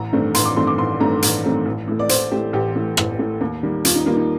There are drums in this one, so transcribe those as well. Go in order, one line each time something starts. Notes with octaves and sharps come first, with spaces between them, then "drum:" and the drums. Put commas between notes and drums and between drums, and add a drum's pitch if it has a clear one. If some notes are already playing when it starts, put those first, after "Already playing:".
Already playing: A1 A#5
G2 D#3 A3 C4
A1 C6, drum: hi-hat
D6
G2 D#3 A3 C4 C6
D6
A1 C6
G2 D#3 A3 C4 A#5
A1, drum: hi-hat
G2 D#3 A3 C4
A1
A2 A3
D5
A1 C5, drum: hi-hat
A2 A3 G4
A1 G4
A2 A3
A1, drum: rim click
A2 A3
D#2
D#3 G3 A#3
D#2 F4, drum: hi-hat
D#4
D#3 G3 A#3 F4
D#4